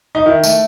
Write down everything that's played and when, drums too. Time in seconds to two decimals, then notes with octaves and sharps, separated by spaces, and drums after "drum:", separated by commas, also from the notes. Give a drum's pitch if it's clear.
0.15 D#4
0.26 D#3 E4
0.43 A3, drum: tambourine